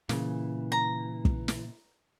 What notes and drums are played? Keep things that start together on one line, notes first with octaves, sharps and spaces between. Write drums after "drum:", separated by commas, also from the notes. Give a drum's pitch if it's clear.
A#2 C#3 E3, drum: snare
A#5
drum: kick
drum: snare